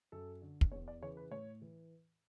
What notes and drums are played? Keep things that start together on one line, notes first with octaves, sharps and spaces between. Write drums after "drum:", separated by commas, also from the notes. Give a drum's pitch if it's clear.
F#2 A4
D3
drum: kick
E2 C#5
D5
C#3 E3 C#5
B4
A2 C#5
E3